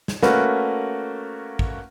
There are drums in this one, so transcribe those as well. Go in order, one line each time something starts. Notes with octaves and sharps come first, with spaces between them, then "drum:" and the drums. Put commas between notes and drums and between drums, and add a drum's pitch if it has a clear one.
drum: snare
A3 A#3 C#4 F#4 B4, drum: snare
drum: kick